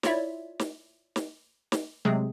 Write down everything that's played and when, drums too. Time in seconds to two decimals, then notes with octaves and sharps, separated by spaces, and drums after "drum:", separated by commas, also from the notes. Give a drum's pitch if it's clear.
0.03 E4 F4 C#5 D5 E5, drum: snare
0.59 drum: snare
1.16 drum: snare
1.72 drum: snare
2.05 C3 F#3 G#3 A3 C4 G#4